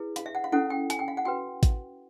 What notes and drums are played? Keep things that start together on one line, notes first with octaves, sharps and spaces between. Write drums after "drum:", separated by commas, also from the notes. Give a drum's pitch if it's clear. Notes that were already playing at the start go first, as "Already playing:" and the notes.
Already playing: E4 G#4 B4
F5, drum: hi-hat
E5
F#5
F5
C#4 E4 A4 F#5
G5
G#5, drum: hi-hat
G5
F5
F#5
F#4 B4 G5
drum: kick A1, hi-hat